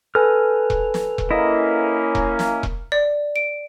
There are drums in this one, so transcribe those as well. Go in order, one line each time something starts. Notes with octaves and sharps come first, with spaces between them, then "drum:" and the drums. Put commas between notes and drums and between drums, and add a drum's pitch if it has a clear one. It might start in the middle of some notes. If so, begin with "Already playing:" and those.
A4 B4 G#5 F6
drum: kick E1
drum: snare
drum: kick E1
A#3 C#4 E4 D#5
drum: kick E1
drum: snare
drum: kick E1
D5
D7